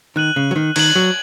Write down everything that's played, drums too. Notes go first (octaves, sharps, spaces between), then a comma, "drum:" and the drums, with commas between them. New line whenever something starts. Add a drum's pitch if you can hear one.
D#3 F#6 D#7 F#7
C#3
F#3
D#3
D#3 G#6 F#7, drum: cymbal
F#3